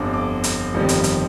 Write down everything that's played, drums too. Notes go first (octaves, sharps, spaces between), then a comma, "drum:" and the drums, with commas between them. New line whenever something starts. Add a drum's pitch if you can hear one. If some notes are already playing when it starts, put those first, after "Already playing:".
Already playing: G1 F2 D3 D6
D6
drum: hi-hat
G1 F2 D#3 G3
drum: hi-hat
drum: hi-hat